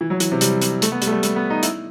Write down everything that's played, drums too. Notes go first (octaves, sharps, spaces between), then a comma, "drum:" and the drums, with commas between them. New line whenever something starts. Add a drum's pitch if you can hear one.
E3
F#3
E3, drum: hi-hat
C3
G3, drum: hi-hat
drum: hi-hat
A3, drum: hi-hat
B3
G3, drum: hi-hat
A3
G3
A3, drum: hi-hat
B3
D#4
E4, drum: hi-hat